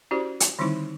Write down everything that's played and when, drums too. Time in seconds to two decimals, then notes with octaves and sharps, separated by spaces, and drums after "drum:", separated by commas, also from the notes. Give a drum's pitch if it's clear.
0.11 C#4 E4 F#4 G4 C5 D5
0.40 drum: hi-hat
0.59 D3 D#3 G3 C4 D#4 E4